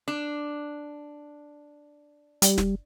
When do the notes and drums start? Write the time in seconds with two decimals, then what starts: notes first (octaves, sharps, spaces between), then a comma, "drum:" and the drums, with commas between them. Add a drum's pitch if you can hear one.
0.08 D4
2.42 G3, drum: hi-hat
2.58 drum: snare